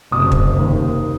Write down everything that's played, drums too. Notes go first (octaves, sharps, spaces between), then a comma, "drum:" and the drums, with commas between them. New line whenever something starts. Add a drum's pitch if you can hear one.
F#1 C3 D#6
drum: kick
D#2